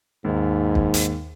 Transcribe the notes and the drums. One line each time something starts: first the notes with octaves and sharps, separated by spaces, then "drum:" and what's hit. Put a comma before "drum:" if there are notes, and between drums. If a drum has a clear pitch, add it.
D#2 G#2
drum: kick
drum: hi-hat